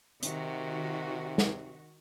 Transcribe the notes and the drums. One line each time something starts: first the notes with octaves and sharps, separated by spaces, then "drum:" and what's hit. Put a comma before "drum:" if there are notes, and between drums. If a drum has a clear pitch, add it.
C3 D#3 F#4, drum: hi-hat
drum: snare